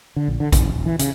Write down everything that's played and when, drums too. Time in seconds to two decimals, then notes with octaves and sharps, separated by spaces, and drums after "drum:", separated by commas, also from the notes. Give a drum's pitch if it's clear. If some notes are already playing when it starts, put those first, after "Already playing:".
0.16 D3
0.28 A#1
0.40 D3
0.52 F#1, drum: kick A1, hi-hat
0.74 D#1
0.86 E3
0.99 C#3, drum: hi-hat